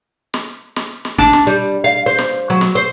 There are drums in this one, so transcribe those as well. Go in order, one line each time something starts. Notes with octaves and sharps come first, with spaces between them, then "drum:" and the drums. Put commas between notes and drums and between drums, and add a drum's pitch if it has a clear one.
drum: snare
drum: snare
drum: snare
D4, drum: kick
drum: snare
G3
F5
C5
drum: snare
F#3
drum: snare
C5